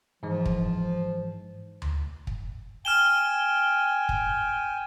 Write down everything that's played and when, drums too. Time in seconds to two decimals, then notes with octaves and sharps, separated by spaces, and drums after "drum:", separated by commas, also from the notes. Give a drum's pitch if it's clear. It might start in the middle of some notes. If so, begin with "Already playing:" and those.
0.23 G#2 E3 F3 G#3
0.46 drum: kick
1.82 drum: tom D2
2.27 drum: kick
2.85 G5 G#5 F6 E7 G7
4.09 drum: kick